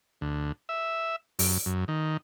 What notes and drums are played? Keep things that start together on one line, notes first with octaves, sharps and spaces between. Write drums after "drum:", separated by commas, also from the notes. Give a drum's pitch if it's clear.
D2
E5
F#2, drum: open hi-hat
F#2
D#3